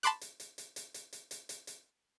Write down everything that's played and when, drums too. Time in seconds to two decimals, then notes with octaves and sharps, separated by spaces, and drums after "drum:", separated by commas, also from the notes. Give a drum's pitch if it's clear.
0.03 A5 B5 C6 D6 F#6, drum: hi-hat
0.21 drum: hi-hat
0.40 drum: hi-hat
0.58 drum: hi-hat
0.76 drum: hi-hat
0.94 drum: hi-hat
1.13 drum: hi-hat
1.31 drum: hi-hat
1.49 drum: hi-hat
1.67 drum: hi-hat